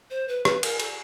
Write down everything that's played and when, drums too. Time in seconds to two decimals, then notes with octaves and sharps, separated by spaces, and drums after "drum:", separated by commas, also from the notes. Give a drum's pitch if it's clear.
0.10 C5
0.28 B4
0.45 B4, drum: rim click
0.63 A#4, drum: cymbal
0.80 A4, drum: cymbal